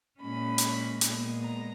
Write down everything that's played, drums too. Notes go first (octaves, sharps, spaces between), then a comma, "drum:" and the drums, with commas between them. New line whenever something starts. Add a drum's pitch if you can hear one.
A#2 G#3 C#4 B5
drum: hi-hat
A#2 G#3 B3, drum: hi-hat
A#5